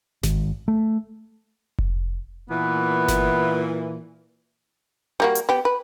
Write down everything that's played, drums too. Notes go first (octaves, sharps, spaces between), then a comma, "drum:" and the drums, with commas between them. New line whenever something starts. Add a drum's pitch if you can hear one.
G#1, drum: snare G1
A3
drum: kick F1
A#2 E3 B3
drum: snare G1
G3 A#3 F#4
drum: hi-hat
B3 G4
B4